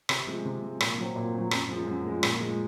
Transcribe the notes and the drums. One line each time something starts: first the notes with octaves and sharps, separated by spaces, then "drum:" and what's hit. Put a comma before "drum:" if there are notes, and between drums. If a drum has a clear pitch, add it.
C3, drum: rim click
F3 G#3
C3
F3 G#3
A#2, drum: rim click
F#3 C4
A#2
F#3 C4
F#2, drum: rim click
F3 G#3
F#2
F3 G#3
A#2, drum: rim click
F3 G#3